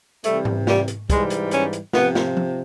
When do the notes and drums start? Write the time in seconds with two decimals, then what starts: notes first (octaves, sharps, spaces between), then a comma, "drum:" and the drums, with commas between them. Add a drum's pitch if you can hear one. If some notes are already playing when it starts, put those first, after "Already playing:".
0.24 C3 E3 G3 A3, drum: hi-hat
0.45 drum: tom G#2
0.67 G3, drum: snare
0.88 drum: hi-hat
1.10 G#2 E3 G3 G#3, drum: kick, hi-hat
1.30 drum: hi-hat
1.51 C#4, drum: hi-hat
1.73 drum: hi-hat
1.93 C3 F3 B3, drum: snare
2.15 drum: snare
2.37 drum: tom F3